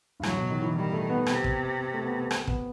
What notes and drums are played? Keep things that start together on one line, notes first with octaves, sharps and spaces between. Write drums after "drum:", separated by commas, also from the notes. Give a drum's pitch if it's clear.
G2
A2 F#3, drum: rim click
B2
D#3
E3
D#3 G3
A3
B3
C3, drum: rim click
drum: kick
A3
B3
C4, drum: rim click
B3, drum: kick